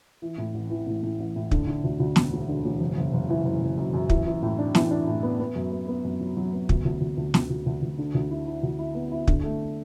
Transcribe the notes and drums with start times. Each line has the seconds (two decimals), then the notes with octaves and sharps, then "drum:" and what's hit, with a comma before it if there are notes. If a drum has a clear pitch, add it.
0.22 E3
0.38 A2
0.54 A1
0.70 E3
0.87 A2
1.03 A2
1.19 A1
1.36 A2
1.51 D3, drum: kick
1.67 D3
1.84 D2
2.00 D2
2.16 E1, drum: snare
2.32 E1
2.48 D3
2.65 E1
2.81 F#1
2.97 F#1
3.14 F#1
3.29 E3
3.45 F#1
3.61 F#1
3.78 F#2
3.94 F#2
4.10 E3, drum: kick
4.26 E3
4.42 A2
4.59 D4
4.75 E3, drum: snare
4.91 D4
5.07 A2
5.23 B3
5.39 B3
5.56 F#2
5.72 B3
5.88 B3
6.04 F#2
6.21 F#3
6.37 F#3
6.53 B3
6.69 D2, drum: kick
6.85 D2
7.01 D2
7.17 D2
7.34 D2, drum: snare
7.50 D2
7.66 D2
7.82 D2
7.98 D3
8.14 D2
8.30 E4
8.47 E4
8.63 D2
8.79 E4
8.95 B3
9.11 E4
9.27 D3, drum: kick
9.44 A3